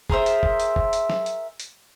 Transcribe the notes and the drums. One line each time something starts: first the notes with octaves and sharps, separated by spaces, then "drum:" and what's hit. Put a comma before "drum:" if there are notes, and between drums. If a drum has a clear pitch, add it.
G#4 A#4 C5 E5, drum: kick
drum: hi-hat
drum: kick
drum: hi-hat
drum: kick
drum: hi-hat
drum: snare
drum: hi-hat
drum: hi-hat